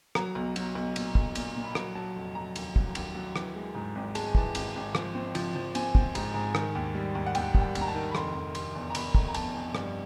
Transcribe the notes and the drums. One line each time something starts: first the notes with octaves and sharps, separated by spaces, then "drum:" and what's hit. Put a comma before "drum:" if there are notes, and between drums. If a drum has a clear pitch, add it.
F#3 A#5, drum: rim click
B1
F#3, drum: cymbal
B1
A#2, drum: cymbal
B1, drum: kick
A#2, drum: cymbal
A#2
B5
F#3 A#5, drum: rim click
F#3 A5
F1
F#3 A#5
D#2, drum: cymbal
F#3, drum: kick
D#2, drum: cymbal
F#3
E3, drum: rim click
G#3
G#2
G#1
G#3 A5, drum: cymbal
G#5
E3 A5, drum: kick
G#1, drum: cymbal
G#1
F3, drum: rim click
C4
F3, drum: cymbal
F3
C4 G#5, drum: cymbal
C4, drum: kick
G#2, drum: cymbal
G#2
D#3, drum: rim click
D#2
G3
D#2
F#5
D#2 G5, drum: cymbal
G3, drum: kick
G5
D#2, drum: cymbal
A#5
A5
D#3
B5
F1 C6, drum: rim click
F1
F1 C6, drum: cymbal
E2
A#5
E2 B5, drum: cymbal
F1 A#5, drum: kick
A#5
B2 A5, drum: cymbal
F1 G#5
G2, drum: rim click